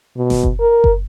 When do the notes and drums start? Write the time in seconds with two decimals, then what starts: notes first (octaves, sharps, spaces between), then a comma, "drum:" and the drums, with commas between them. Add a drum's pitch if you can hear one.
0.17 B2
0.30 drum: snare D#1
0.43 drum: kick F#1
0.60 A#4
0.84 drum: kick F#1